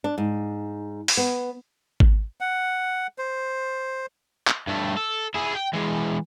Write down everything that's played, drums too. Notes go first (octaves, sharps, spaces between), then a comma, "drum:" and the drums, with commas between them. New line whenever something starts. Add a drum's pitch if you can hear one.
D4
G#2
drum: open hi-hat
B3
drum: kick G#1
F#5
C5
drum: clap
G2 A3
A4
E4 G#4
G5
E3 G#3